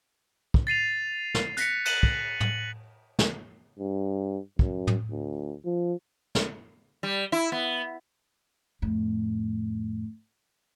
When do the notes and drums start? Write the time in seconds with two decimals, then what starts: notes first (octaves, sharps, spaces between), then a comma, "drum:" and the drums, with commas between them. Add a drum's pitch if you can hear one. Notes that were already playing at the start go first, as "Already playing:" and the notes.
0.54 drum: kick
0.67 A6 C7 D#7 F7
1.35 drum: snare
1.57 F#6 A#6 B6 C#7, drum: hi-hat
1.85 F#6 D#7 F#7, drum: cymbal
2.03 drum: kick
2.40 F#7, drum: tom
3.19 drum: snare
3.80 G2
4.59 F#2, drum: kick
4.87 drum: tom
5.11 D2
5.65 F3
6.35 drum: snare
7.03 G3
7.32 E4
7.52 B3
8.82 F2 A2